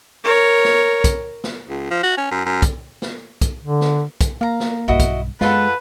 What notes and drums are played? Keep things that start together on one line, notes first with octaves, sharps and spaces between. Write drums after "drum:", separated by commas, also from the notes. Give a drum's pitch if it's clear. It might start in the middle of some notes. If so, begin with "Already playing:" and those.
A#4 C#5
drum: snare
drum: kick, hi-hat
drum: snare
C#2
F3
F#4
C#4
F#2
F#2
drum: kick, hi-hat
drum: snare
drum: kick, hi-hat
D3
drum: snare
drum: kick, hi-hat
A#3 F5 A#5
drum: snare
B1 G2 E4 F#4 D#5
drum: kick, hi-hat
F#2 G#3 F4 A4 B4 F#5, drum: snare